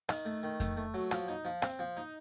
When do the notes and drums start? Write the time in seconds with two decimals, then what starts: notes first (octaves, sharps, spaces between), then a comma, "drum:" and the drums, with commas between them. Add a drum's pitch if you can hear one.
0.09 D#3, drum: rim click
0.25 A3
0.43 D#3
0.60 A3, drum: kick F2, hi-hat
0.77 A3
0.94 F#3
1.11 F3, drum: rim click
1.28 D#4
1.45 F3
1.62 C4, drum: rim click
1.79 F3
1.97 D#4